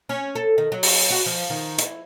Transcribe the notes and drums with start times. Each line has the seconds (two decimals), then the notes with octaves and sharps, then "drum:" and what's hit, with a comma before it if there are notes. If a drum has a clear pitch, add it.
0.09 C#4
0.35 A4
0.58 D#3
0.72 F#3
0.83 drum: open hi-hat
1.10 F#4
1.26 F3
1.50 D#3
1.78 E4, drum: hi-hat